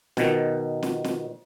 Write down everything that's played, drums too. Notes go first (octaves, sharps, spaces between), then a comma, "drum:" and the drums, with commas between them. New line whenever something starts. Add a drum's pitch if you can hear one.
B2 D#3, drum: snare
drum: snare
drum: snare